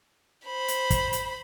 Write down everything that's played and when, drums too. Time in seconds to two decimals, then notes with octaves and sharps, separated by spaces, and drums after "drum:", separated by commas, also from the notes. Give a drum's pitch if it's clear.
0.46 C5 B5
0.68 drum: hi-hat
0.90 drum: kick, hi-hat
1.13 drum: hi-hat